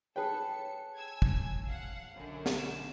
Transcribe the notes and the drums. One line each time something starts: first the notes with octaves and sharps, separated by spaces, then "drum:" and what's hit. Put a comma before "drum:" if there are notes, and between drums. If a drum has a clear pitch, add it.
G#4 A4 B4 C#5 G5 A5 C#7
G#5 E6 G#6
drum: kick
A#1 F5 F#5
B1 F#2 D3
drum: snare
E7